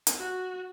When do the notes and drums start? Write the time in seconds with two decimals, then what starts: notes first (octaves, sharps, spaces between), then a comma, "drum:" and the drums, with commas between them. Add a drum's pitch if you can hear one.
0.07 drum: hi-hat
0.17 F#4